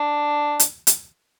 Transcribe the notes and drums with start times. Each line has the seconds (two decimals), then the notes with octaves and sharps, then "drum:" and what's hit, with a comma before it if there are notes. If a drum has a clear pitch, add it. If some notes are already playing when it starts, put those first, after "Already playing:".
Already playing: D4
0.60 drum: hi-hat
0.87 drum: hi-hat